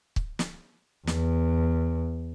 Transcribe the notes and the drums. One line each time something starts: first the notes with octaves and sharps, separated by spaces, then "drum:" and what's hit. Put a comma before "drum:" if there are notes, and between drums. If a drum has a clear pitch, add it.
drum: kick
drum: snare
E2, drum: snare